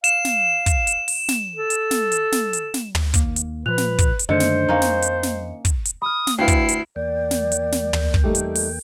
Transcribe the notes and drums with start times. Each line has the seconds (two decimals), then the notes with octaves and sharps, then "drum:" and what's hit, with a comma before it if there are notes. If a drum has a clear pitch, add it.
0.04 F5 E7, drum: hi-hat
0.25 drum: snare
0.66 drum: kick, hi-hat
0.87 drum: hi-hat
1.08 drum: open hi-hat
1.29 drum: snare
1.56 A4
1.70 drum: hi-hat
1.91 drum: snare
2.12 drum: hi-hat
2.32 drum: snare
2.53 drum: hi-hat
2.74 drum: snare
2.95 drum: tom
3.14 D#2 A#3, drum: kick, hi-hat
3.36 drum: hi-hat
3.66 A#2 F3 B4 F#6 F7
3.78 drum: snare
3.98 drum: kick, hi-hat
4.19 drum: hi-hat
4.29 F#2 D3 D#3 A3 C5 D#5 C#7
4.40 drum: snare
4.68 F2 A#3 C#4 D#4
4.82 drum: snare
5.02 drum: hi-hat
5.23 drum: snare
5.65 drum: kick, hi-hat
5.85 drum: hi-hat
6.02 B5 D#6 F6
6.27 drum: snare
6.38 D2 E4 B4 F5 G5 C7
6.48 drum: kick, hi-hat
6.68 drum: hi-hat
6.96 E2 A#3 D5 G5
7.31 drum: snare
7.52 drum: hi-hat
7.72 drum: snare
7.93 drum: tom
8.14 drum: kick
8.24 G3 A3 D#4
8.35 drum: hi-hat
8.55 drum: open hi-hat